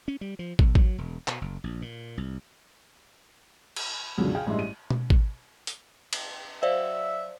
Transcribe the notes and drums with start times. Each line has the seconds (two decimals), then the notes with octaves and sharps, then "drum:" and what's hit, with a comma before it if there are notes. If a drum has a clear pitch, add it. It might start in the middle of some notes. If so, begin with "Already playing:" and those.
0.08 C#4
0.21 G3
0.39 F3
0.59 B1, drum: kick
0.75 F#3, drum: kick
0.98 E1
1.28 B2, drum: clap
1.41 F#1
1.64 A#1
1.82 A#2
2.17 C2
3.76 drum: cymbal
4.18 C#2 F#2 B2 D3
4.34 G#4 F5 G5 G#5
4.46 A1 G2 G#3 D#5 E5 C6
4.59 D#7
4.90 drum: tom B2
5.10 drum: kick
5.67 drum: hi-hat
6.13 drum: cymbal
6.63 F#3 C5 D5 E5 F5